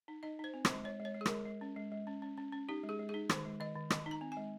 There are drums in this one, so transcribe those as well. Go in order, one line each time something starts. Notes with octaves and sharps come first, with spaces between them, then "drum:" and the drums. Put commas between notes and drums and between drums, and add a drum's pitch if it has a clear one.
D#4
D#4 D#5
D#4 C5
C4
G#3 C5, drum: rim click
G#3 C#5
G#3
C#5
G#3
G#4
G#3 A#4, drum: rim click
G#3
C#4
G#3
G#3
C#4
C#4
C#4
C#4
D#4 G4
G#3
G#4
G#3
D#4 G#4
D#3 C5, drum: rim click
G#3
D#3 D#5
D#3
D#3 D#5, drum: rim click
D#4
A#5
C4
G#5
G#3